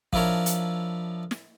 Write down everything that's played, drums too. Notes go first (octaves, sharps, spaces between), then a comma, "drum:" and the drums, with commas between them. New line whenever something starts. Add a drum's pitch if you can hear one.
F3 D4 E4 A#4 C#5, drum: kick
drum: hi-hat
drum: snare